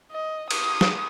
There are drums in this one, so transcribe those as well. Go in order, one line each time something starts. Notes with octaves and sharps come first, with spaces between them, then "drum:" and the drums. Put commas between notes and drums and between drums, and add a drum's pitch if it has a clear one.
D#5
D#6, drum: cymbal
drum: snare